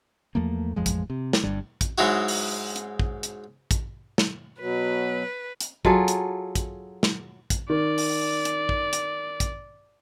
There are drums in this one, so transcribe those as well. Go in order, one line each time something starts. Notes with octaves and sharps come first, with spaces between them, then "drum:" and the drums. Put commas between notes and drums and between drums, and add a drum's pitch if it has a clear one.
E2 F3 A3 A#3
A1 F2 F3 G#3
drum: kick, hi-hat
C3
drum: snare
G1 G2 G3
drum: kick, hi-hat
G#2 F#3 G#3 D#4 E4 F#4
drum: open hi-hat
drum: hi-hat
drum: kick
drum: hi-hat
drum: kick, hi-hat
drum: snare
B2 F#3 B4
drum: hi-hat
F#3 F4 G#4 A4, drum: kick
drum: hi-hat
drum: kick, hi-hat
drum: snare
drum: kick, hi-hat
D#3 D5
drum: open hi-hat
drum: hi-hat
drum: kick
drum: hi-hat
drum: kick, hi-hat